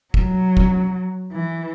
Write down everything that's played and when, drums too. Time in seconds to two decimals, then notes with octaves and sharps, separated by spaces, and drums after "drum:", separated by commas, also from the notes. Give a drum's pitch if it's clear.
0.14 F#3, drum: kick
0.57 drum: kick
1.32 E3